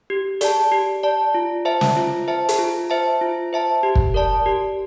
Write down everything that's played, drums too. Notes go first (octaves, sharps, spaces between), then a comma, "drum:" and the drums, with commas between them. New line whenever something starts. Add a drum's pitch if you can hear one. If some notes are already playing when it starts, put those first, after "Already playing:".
G4
D5 A5, drum: hi-hat
G4
D5 A5
F4
C5 E5 A5
drum: snare
F4
C5 E5 A5
drum: hi-hat
F4
C5 E5 A5
F4
C5 E5 A5
G4
drum: kick
A#4 D5 A5
G4